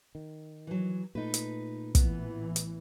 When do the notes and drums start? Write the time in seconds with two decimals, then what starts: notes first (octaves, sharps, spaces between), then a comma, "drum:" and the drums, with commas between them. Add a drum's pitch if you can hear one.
0.15 D#3
0.67 E3 F#3
1.15 A#2 A3 D#4 B4
1.34 drum: hi-hat
1.95 A1 E3 B3, drum: kick, hi-hat
2.56 drum: hi-hat